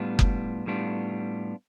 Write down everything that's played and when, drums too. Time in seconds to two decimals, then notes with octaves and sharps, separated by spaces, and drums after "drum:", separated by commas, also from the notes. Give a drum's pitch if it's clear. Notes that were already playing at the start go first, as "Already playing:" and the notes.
Already playing: A2 G3 B3 D4 F4
0.19 drum: kick F#1
0.66 A2 G3 B3 D4 F4